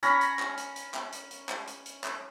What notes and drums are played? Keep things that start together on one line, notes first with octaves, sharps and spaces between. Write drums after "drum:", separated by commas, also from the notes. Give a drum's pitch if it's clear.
C#4 A#5 B5, drum: hi-hat
drum: hi-hat
drum: clap
drum: hi-hat
drum: hi-hat
drum: clap
drum: hi-hat
drum: hi-hat
drum: clap
drum: hi-hat
drum: hi-hat
drum: clap